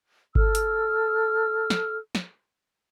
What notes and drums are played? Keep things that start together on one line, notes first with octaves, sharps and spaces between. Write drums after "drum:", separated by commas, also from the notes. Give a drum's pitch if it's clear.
A4 E6 F6, drum: kick G1
drum: hi-hat
drum: snare
drum: snare